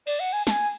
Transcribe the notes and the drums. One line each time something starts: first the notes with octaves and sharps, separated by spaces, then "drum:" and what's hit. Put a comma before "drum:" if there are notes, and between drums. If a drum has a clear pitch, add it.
D5, drum: cymbal
F#5
G#5
A5, drum: snare
G#5